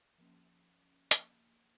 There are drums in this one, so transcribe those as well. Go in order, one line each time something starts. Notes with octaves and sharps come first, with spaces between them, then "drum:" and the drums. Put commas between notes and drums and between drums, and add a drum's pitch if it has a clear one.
F3 A#3 C#4
F3 A#3 C#4, drum: hi-hat